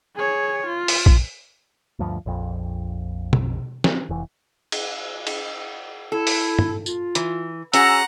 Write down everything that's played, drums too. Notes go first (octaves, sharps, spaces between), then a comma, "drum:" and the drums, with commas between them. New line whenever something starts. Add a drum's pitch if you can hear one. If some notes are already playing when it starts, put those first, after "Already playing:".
G#4 C#5
F4
drum: open hi-hat
drum: kick A#1
D2 G2 F3
A#1 F2
drum: tom B2
drum: snare
F1 E3
drum: cymbal
drum: cymbal
E4 A4
drum: open hi-hat
drum: tom
F4, drum: tambourine
E3, drum: hi-hat
C#4 F#4 G#4 F#5 A#5 E6, drum: hi-hat